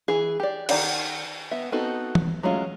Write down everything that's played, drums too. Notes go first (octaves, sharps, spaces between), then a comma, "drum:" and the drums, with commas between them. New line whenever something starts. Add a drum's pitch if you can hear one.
E3 G#4
G4 D5
D#3 G4 D5 F#5 A#5, drum: cymbal
B3 E5
B3 C4 D#4 F#4 A4
drum: tom
F#3 G#3 A3 C#4 F4